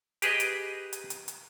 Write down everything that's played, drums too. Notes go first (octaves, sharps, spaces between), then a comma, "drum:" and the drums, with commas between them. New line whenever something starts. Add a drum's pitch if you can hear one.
G4 G#4 B4 D#5, drum: hi-hat
drum: hi-hat
drum: hi-hat
drum: hi-hat
drum: hi-hat